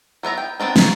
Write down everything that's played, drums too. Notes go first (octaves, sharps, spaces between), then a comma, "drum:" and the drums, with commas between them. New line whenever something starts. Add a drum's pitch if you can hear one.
F#3 B3 E5 A#5
G5
B3 C4 D4 D#4
D#3 A#3, drum: snare